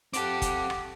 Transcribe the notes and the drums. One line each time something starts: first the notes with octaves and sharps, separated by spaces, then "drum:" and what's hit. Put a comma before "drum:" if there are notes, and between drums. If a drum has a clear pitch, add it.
C4 G4 A4 F#5 D6, drum: hi-hat
drum: kick F#1, hi-hat
drum: rim click